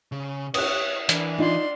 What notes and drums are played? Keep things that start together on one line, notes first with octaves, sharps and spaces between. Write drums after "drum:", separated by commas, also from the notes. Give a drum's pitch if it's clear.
C#3
C#5 D#6 F#6, drum: cymbal
E3 D4 A#4, drum: hi-hat
D4 D#4 F4 D5 C6